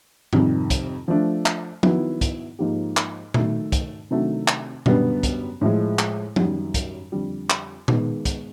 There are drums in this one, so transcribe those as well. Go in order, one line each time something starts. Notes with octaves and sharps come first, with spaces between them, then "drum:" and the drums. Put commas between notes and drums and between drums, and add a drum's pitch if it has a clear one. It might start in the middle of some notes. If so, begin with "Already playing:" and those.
F2 C3 D#3 G3, drum: tom G#2
drum: kick, hi-hat
F3 A3 D4
drum: clap
D#3 F#3 B3 E4, drum: tom F3
drum: kick, hi-hat
G#2 F3 A#3 D#4 G4
drum: clap
D#3 F#3 A3, drum: tom A#2
drum: kick, hi-hat
C3 D#3 F#3 A3 D4
drum: clap
F#2 D3 G3 B3, drum: tom A#2
drum: kick, hi-hat
A2 F3 G#3
drum: clap
F#2 D#3 G3, drum: tom F3
drum: kick, hi-hat
F2 D3 G3
drum: clap
D#3 G#3 B3, drum: tom A#2
drum: kick, hi-hat